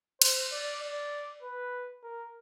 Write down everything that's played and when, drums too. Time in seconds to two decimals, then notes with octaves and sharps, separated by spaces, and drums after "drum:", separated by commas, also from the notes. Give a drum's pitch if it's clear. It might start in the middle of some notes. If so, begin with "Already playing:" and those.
0.22 C5, drum: cymbal
0.52 D5
0.82 D5
1.42 B4
2.03 A#4